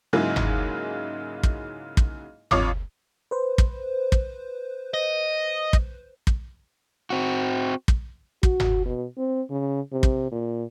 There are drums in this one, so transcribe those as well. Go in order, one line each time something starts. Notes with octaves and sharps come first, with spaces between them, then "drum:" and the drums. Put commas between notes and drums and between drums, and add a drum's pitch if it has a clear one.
G#2 C#3 F#3 G#3 A#3 E4
drum: tom G1
drum: kick
drum: kick
F2 F4 C#5 F5 D6 D#6, drum: tom G1
B4 C5
drum: kick
drum: kick
D#5
drum: kick
drum: kick
C4 F#4
drum: kick
F#4, drum: kick
drum: tom G1
B2
C4
C#3
C3
drum: kick
A#2